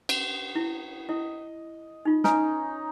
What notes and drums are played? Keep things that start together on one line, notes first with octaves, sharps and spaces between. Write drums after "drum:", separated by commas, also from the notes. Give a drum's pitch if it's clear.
drum: cymbal
E4
E4 D#5
D#4 F4
C#4 D#4 B4 G#5, drum: snare